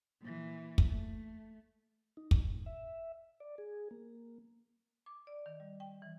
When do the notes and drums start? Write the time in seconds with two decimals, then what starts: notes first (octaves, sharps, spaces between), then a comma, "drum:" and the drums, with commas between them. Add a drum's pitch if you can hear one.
0.21 A#2 E3
0.78 drum: kick
0.90 A3
2.17 D#4
2.31 drum: kick
2.50 A2
2.66 E5
3.40 D5
3.58 G#4
3.91 A#3
5.06 D6
5.27 D5
5.46 D#3
5.60 G3
5.80 G5
6.02 E3